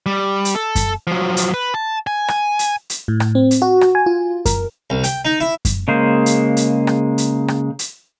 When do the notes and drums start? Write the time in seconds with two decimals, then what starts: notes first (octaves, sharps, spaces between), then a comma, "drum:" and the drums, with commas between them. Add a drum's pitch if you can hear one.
0.06 G3
0.45 drum: hi-hat
0.55 A4
0.76 drum: kick F#2, hi-hat
1.07 F3 F#3
1.37 drum: hi-hat
1.54 B4
1.74 A5
2.07 G#5
2.28 drum: rim click
2.59 drum: hi-hat
2.90 drum: hi-hat
3.08 A2
3.20 drum: rim click
3.35 C4
3.51 drum: hi-hat
3.62 F#4
3.81 drum: rim click
3.95 G#5
4.06 F4
4.46 A#4, drum: kick F#2, hi-hat
4.90 C2
5.04 G5, drum: hi-hat
5.25 D#4
5.40 E4
5.65 drum: kick F#2, hi-hat
5.88 C#3 G#3 A#3 C5
6.26 drum: hi-hat
6.57 drum: hi-hat
6.87 drum: rim click
7.18 drum: hi-hat
7.48 drum: rim click
7.79 drum: hi-hat